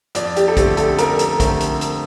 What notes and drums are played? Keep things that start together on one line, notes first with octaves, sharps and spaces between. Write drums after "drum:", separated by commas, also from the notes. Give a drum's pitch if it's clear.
F2 D5, drum: hi-hat
G4, drum: hi-hat
A4
D3 A3 C4 G4, drum: kick, hi-hat
A4, drum: hi-hat
F2 A#4, drum: hi-hat
drum: hi-hat
D3 A3 C4, drum: kick, hi-hat
drum: hi-hat
drum: hi-hat